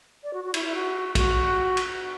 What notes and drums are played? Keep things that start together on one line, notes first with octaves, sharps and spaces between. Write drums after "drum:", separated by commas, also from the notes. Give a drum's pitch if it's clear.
D5
F#4
F#4
E4, drum: cymbal
E4
F#4
F#4, drum: kick, cymbal
drum: cymbal